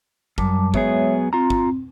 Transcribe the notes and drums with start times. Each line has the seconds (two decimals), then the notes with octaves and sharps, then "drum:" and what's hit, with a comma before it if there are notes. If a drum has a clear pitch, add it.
0.38 F#2 G3 A5 D6, drum: kick
0.74 F#3 G#3 B3 G#4 C#5 E5, drum: kick
1.33 C4 F4 A#5
1.50 drum: kick